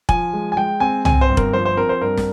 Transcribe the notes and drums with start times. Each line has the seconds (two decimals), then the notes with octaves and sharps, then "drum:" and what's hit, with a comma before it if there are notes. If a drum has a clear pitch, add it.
0.09 F3 G#5, drum: kick F1
0.33 G#3
0.52 G#5
0.57 G#3 G5
0.80 C4 G#5
1.05 C4 G#5, drum: tom C2
1.21 C5
1.29 G1
1.37 A#4, drum: kick F1
1.53 F3 C5
1.66 C5
1.77 C4 A#4
1.89 C5
2.01 G2 A#4
2.17 drum: snare